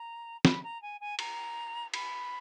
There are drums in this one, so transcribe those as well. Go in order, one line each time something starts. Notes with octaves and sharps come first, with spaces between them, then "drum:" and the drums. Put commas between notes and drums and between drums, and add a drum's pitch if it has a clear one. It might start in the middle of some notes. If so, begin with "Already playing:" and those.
Already playing: A#5
B5, drum: snare
A#5
G#5
G#5
A#5, drum: cymbal
B5, drum: cymbal